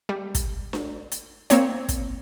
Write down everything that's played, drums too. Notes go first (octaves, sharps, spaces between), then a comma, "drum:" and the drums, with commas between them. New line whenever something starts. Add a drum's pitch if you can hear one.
G3
drum: kick, hi-hat
drum: snare D4
drum: hi-hat
A#3 C4 C#5, drum: hi-hat
drum: kick, hi-hat